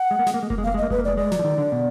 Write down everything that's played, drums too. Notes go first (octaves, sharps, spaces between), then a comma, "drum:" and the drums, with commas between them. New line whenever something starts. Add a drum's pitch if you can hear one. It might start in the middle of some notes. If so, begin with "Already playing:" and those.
Already playing: F#5
G#3
A#3
G#3, drum: snare
A#3
G#3
A#3, drum: kick F1
G#3
A#3 F5
G#3
D#5
A#3
G#3 B4, drum: kick F1
A#3
G#3 D5
G#3 D5
F#3, drum: snare
F3
D#3
D3
B2